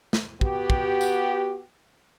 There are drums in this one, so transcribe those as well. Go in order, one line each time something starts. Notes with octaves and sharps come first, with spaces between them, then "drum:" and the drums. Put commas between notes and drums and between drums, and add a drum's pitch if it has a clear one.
drum: snare
B3 F#4 G4, drum: kick
drum: kick
drum: tambourine